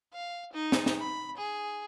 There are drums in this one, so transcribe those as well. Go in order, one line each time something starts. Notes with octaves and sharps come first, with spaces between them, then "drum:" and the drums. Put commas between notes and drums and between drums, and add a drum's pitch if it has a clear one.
F5
D#4
drum: snare
drum: snare
B5
G#4